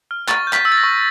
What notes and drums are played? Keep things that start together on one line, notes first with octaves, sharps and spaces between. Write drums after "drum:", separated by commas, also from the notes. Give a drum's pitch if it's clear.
F6
C#6 A6, drum: clap
G6
B6, drum: clap
E6
A6
A#6
C#6